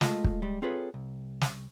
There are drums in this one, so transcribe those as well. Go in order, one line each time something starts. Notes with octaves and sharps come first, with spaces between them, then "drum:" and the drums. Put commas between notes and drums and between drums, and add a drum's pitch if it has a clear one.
G#3 A3 F4 D#5 A5, drum: snare
drum: kick
G3 G#3
C4 F4 G#4 A4 B4 C#5
C2
drum: snare